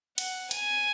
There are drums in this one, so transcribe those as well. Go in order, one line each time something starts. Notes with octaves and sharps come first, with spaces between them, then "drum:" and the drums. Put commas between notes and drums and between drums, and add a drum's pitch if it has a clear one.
F#5, drum: cymbal
G#5, drum: cymbal